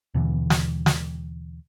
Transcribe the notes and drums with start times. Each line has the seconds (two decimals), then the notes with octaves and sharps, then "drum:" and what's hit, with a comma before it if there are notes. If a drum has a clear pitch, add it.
0.14 D#2 B2 D3 E3
0.50 drum: snare
0.86 drum: snare